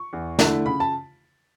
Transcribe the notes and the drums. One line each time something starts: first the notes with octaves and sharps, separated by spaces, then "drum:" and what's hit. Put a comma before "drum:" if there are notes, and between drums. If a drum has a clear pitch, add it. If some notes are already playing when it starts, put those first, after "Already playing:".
Already playing: C#6
E2
D3 A3 E4, drum: snare
C#3 B5
A5